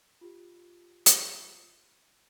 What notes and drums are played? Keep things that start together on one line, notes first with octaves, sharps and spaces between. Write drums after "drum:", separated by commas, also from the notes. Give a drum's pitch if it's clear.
F4 G4
drum: hi-hat